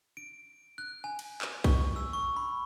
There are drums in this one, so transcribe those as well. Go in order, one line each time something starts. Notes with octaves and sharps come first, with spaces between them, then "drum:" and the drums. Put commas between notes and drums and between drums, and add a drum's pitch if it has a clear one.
D7
F#6
G#5
drum: cymbal
drum: clap
C#6, drum: kick, cymbal
E6
C#6
B5